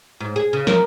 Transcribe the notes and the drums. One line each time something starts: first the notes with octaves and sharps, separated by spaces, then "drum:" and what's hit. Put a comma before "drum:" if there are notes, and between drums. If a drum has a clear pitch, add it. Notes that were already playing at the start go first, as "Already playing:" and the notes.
G#2
G#4
C#3
A#4, drum: snare